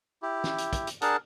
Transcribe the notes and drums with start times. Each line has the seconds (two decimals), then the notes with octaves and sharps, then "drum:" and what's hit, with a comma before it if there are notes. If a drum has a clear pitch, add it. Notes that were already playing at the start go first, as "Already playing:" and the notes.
0.22 E4 G4
0.44 drum: snare
0.58 drum: hi-hat
0.73 drum: kick, hi-hat
0.87 drum: hi-hat
1.02 D4 G#4 A#4 F#5 A5, drum: hi-hat